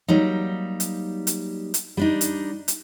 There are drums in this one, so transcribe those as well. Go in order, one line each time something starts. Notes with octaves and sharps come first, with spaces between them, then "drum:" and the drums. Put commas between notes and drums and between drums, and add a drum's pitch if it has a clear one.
F#3 G3 A#3 D#4
drum: hi-hat
drum: hi-hat
drum: hi-hat
G3 D4 D#4
drum: hi-hat
drum: hi-hat